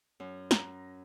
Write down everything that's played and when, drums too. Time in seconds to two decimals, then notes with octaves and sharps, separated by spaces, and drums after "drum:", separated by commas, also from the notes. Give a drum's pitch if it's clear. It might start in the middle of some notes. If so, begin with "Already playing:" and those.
0.20 F#2
0.51 A#5, drum: snare